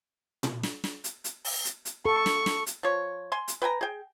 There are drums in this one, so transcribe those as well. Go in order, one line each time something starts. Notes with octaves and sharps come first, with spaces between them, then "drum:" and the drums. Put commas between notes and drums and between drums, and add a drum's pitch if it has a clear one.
drum: tom A#2
drum: snare
drum: snare
drum: hi-hat
drum: hi-hat
drum: open hi-hat
drum: hi-hat
drum: hi-hat
A4 C#6
drum: snare
drum: snare
drum: hi-hat
F3 C#5
G#5 C6
drum: hi-hat
B4 G5 G#5 A#5
G#4 G5